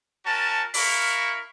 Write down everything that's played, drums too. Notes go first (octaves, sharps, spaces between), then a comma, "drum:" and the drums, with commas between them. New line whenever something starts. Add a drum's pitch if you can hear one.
C#4 F#4 A#4 A5
E4 A#4 F5 B5 C#6, drum: open hi-hat